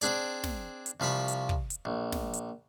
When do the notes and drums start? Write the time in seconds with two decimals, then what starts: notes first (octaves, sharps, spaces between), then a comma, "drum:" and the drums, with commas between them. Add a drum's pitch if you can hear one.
0.01 C4 D4 G#4 D5, drum: hi-hat
0.44 drum: snare
0.86 drum: hi-hat
1.00 C2 F3 F5 B5 C#6
1.28 drum: hi-hat
1.49 drum: kick
1.70 drum: hi-hat
1.85 A#1
2.12 drum: snare
2.33 drum: hi-hat